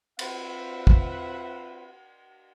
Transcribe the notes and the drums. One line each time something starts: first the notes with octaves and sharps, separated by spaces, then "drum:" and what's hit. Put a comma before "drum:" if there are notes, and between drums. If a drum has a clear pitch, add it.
C4 F4 B4 C5 E5 F#5, drum: cymbal
drum: kick